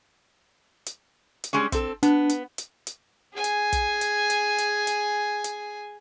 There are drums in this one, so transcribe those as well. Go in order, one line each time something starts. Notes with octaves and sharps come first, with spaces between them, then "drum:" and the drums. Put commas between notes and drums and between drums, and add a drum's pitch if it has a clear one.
drum: hi-hat
drum: hi-hat
G3 G#3 C#4
C4 A4, drum: kick, hi-hat
B3 D4, drum: hi-hat
drum: hi-hat
drum: hi-hat
drum: hi-hat
G#4 G#5
drum: hi-hat
drum: kick, hi-hat
drum: hi-hat
drum: hi-hat
drum: hi-hat
drum: hi-hat
drum: hi-hat